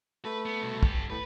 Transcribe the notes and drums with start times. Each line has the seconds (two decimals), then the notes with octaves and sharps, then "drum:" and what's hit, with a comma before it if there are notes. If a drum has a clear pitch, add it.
0.25 A3 B4
0.46 B3
0.62 C2 B2
0.83 G4 A4, drum: kick
1.10 A2 B4